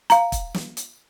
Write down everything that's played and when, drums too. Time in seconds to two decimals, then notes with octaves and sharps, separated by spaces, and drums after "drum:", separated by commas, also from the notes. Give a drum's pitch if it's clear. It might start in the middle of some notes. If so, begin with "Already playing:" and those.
0.10 F5 A#5, drum: hi-hat
0.32 drum: kick, hi-hat
0.54 drum: snare
0.77 drum: hi-hat